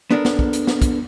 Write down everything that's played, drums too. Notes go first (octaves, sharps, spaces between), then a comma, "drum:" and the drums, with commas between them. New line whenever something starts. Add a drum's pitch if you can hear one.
B3 D4 A4 A#4
drum: snare
drum: kick
drum: hi-hat
drum: snare
drum: kick, hi-hat